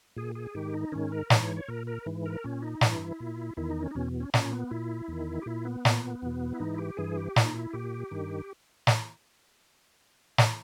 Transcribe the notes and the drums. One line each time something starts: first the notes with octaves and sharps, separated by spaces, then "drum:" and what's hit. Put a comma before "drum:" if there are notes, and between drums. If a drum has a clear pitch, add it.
A#2 G#4
G#4
G#2 D#3 G4
D#4
G#2 D#3 C#4
A#4
G#2 E3 C#5, drum: snare
C#5
C#5
A#2 A#4
A#4
G#2 E3
A#4
A#2 C#4
D#4
G2 E3 E4, drum: snare
A#2
E2 D#3 E4
D#4
C#4
D#4
E2 B2 C#4
C#4
A#2 C#4, drum: snare
B3
A#2 E4
E2 D#3
G4
A#2 E4
B3
A#2, drum: snare
E2 B2
E4
G#2 E3 D#4
E4
G4
G2 E3 G#4
G4
A#2 E4, drum: snare
D#4
E4
A#2 G4
G2 D#3
drum: snare
drum: snare